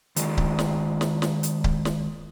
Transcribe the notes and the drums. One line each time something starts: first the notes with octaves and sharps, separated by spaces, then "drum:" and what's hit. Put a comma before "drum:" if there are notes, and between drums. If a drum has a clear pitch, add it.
D#3 G#3 F4 G#4 D5, drum: hi-hat
drum: kick C#1
drum: snare
drum: snare
drum: snare
drum: hi-hat
drum: kick C#1
drum: snare